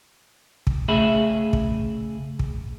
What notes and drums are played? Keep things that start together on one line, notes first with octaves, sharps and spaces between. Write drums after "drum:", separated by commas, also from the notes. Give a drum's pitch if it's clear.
drum: kick
C#3 A3 G#4 E5 B5
drum: kick
drum: kick